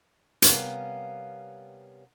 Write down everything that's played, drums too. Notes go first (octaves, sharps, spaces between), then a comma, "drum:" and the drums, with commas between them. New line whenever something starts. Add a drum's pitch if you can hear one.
C3 G3 B3 C#4 A#4 F5, drum: hi-hat